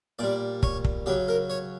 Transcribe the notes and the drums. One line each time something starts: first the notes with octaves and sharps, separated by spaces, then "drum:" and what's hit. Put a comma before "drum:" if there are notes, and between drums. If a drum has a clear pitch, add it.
A#2 G3 D5
C#5, drum: kick
drum: kick
C#3 F#3 G4
A#4
C#5